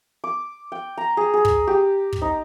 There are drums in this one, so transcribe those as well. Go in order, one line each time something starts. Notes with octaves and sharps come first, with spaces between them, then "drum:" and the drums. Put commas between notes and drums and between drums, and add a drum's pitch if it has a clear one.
D6
G5
A#5
G#4
G#4
drum: kick
G4
drum: kick
D#4